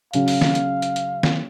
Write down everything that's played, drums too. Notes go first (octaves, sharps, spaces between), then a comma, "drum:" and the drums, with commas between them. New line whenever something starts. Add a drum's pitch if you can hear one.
C#3 F#3 C#4 F5, drum: hi-hat
drum: open hi-hat
drum: snare
drum: hi-hat
drum: hi-hat
drum: hi-hat
drum: snare